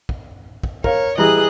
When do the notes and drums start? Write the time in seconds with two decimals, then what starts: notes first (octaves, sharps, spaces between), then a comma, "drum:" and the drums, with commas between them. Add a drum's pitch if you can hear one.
0.09 drum: kick
0.64 drum: kick
0.84 A#4 C#5 F5, drum: kick
1.18 E3 G3 G#4 D#5 A#5 F#6